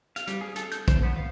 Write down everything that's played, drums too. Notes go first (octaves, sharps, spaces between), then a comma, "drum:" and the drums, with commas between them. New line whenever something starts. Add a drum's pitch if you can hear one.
F5, drum: hi-hat
G3, drum: hi-hat
G#4
A4, drum: hi-hat
G6, drum: hi-hat
C5, drum: kick, hi-hat
B3
F5